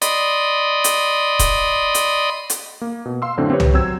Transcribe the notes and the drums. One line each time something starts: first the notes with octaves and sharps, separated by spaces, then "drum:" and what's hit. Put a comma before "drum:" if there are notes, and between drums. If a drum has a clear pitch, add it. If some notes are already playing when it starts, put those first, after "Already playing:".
D5 D#5 B5 C6 D#6, drum: hi-hat
drum: hi-hat
drum: kick D#1, hi-hat
drum: hi-hat
drum: hi-hat
A#3
B2
F5 C6 E6
F#2 A2 D3 C4
C4 G4 B4 C#5
drum: tom C2
F#3 C4 C5 E6 G#6